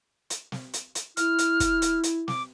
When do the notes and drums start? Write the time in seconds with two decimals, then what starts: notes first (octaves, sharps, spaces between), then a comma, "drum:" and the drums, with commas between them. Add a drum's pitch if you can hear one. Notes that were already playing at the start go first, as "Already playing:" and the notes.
0.30 drum: hi-hat
0.52 drum: snare
0.74 drum: hi-hat
0.95 drum: hi-hat
1.17 E4 F6, drum: hi-hat
1.39 drum: hi-hat
1.60 drum: kick, hi-hat
1.82 drum: hi-hat
2.04 drum: hi-hat
2.28 D6, drum: snare